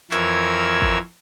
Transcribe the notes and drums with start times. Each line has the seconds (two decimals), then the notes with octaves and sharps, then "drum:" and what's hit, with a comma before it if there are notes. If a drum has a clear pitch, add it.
0.11 F2 E3 A#4 C#5 E6 G#6, drum: clap
0.82 drum: kick